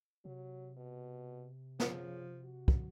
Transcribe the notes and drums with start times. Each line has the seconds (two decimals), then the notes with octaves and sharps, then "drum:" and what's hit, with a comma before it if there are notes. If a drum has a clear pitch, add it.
0.25 C3 F#3
0.77 B2
1.80 C#3 F3, drum: snare
2.43 F#4
2.68 drum: kick